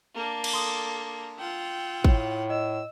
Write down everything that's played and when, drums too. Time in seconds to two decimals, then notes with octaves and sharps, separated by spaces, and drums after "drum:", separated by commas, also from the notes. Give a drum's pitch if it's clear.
0.15 A#3 D4
0.44 drum: cymbal
0.53 A4 C6 D#6
1.39 F4 F#5 G5 E6
2.04 A2, drum: kick
2.50 D#5 E6